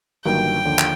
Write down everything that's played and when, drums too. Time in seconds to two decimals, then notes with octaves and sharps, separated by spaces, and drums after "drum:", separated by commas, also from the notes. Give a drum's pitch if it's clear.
0.25 G1 G2 D#3 F#3 A#3 G5
0.65 D#2 D3 F3
0.79 drum: clap